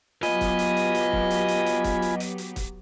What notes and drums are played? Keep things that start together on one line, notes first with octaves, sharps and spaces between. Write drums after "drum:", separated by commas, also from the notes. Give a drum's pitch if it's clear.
F#3 B3 F4 G4 D#5 G#5 B5, drum: hi-hat
drum: kick, hi-hat
drum: hi-hat
drum: hi-hat
drum: hi-hat
drum: kick
drum: hi-hat
drum: hi-hat
drum: hi-hat
drum: kick, hi-hat
drum: hi-hat
drum: hi-hat
drum: hi-hat
drum: kick, hi-hat